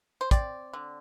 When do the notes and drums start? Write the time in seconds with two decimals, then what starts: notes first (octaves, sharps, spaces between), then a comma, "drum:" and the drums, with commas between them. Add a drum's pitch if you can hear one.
0.21 C5
0.31 C4 D5, drum: kick, hi-hat
0.73 D3